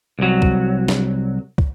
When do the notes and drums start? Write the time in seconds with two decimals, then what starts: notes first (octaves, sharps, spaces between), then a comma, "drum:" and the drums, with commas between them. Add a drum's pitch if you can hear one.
0.19 C2 F#3
0.42 drum: kick
0.88 drum: snare
1.58 drum: kick